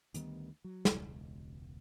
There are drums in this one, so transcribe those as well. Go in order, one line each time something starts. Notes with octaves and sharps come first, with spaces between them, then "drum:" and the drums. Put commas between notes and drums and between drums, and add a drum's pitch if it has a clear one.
D2 D#3 G3 B3, drum: hi-hat
F#3
E1 C#2, drum: snare